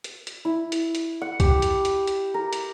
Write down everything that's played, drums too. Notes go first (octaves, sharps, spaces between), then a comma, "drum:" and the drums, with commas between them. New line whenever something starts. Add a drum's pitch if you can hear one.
drum: hi-hat
drum: hi-hat
E4
drum: hi-hat
drum: hi-hat
F#5
G4, drum: kick, hi-hat
drum: hi-hat
drum: hi-hat
drum: hi-hat
A#4
drum: hi-hat